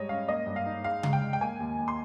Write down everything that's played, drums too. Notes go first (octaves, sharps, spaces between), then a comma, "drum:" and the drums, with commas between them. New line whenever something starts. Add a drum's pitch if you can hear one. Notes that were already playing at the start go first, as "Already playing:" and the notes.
Already playing: G#2 G3 C#5 D#5
C#4 F5
A#3 D#5
G2
F5
D#4
G#3 F5
G#2, drum: tom C#3
G5
G#2
G5
A#3 G#5
D#2
D#2
C6